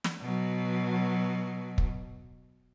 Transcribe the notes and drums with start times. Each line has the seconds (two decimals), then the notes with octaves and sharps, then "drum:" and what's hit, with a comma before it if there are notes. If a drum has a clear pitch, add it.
0.04 drum: snare
0.21 B2 F#3
1.78 drum: kick